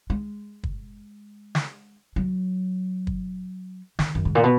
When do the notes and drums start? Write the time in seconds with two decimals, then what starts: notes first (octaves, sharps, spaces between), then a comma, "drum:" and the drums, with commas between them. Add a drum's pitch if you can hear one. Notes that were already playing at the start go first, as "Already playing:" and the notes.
0.10 G#3
0.64 drum: kick
1.55 drum: snare
2.16 F#3
3.07 drum: kick
3.99 D#3, drum: snare
4.15 F#2
4.25 G#2
4.35 A#2
4.44 B2